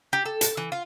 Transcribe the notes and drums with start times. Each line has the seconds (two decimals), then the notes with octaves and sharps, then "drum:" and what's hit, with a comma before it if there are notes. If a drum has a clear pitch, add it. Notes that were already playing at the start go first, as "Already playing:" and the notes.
0.13 G4
0.26 A4
0.41 A5, drum: hi-hat
0.57 E3
0.72 F4